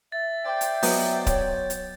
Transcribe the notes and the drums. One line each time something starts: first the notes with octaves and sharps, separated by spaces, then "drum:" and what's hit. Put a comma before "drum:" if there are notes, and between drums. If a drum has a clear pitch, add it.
E5 A6
C5 D5 G5
drum: hi-hat
F#3 B3 D#5 G6, drum: open hi-hat
C#5, drum: kick D1, hi-hat
drum: hi-hat